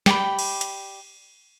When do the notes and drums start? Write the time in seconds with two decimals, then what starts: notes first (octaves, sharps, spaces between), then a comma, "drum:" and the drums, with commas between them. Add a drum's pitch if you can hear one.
0.06 G4 D5 G5 B5, drum: snare
0.39 drum: cymbal
0.61 drum: hi-hat